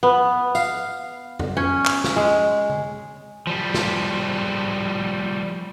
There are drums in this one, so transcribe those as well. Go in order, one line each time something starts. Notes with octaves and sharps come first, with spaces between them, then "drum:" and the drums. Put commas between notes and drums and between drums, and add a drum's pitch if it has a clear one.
B3
F5, drum: tambourine
drum: tom F2
C#4
drum: clap
drum: snare
G#3
drum: tom D3
F3 G3
drum: snare